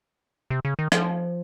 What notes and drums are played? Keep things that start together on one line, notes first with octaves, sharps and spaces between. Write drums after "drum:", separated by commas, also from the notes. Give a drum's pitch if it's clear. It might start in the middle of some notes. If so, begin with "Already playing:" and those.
C3
C#3
D#3
F3, drum: rim click